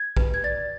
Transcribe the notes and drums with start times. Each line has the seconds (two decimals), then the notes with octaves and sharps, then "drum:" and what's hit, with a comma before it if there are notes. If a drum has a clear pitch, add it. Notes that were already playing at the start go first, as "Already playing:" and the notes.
Already playing: G#6
0.17 B4, drum: kick
0.34 G#6
0.44 D5 A6